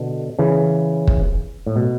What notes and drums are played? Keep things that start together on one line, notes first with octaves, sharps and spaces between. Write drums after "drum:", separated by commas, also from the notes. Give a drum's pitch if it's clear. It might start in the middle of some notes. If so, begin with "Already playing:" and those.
Already playing: B2 D3
C#3 E3
drum: kick
A2
B2